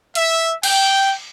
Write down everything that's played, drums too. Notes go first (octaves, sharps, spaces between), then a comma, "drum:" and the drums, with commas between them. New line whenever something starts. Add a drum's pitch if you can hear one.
E5, drum: hi-hat
G5, drum: cymbal